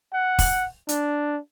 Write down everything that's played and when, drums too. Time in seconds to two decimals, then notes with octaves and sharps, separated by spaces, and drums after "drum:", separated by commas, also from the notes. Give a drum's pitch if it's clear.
0.13 F#5
0.39 drum: kick, open hi-hat
0.89 D4, drum: hi-hat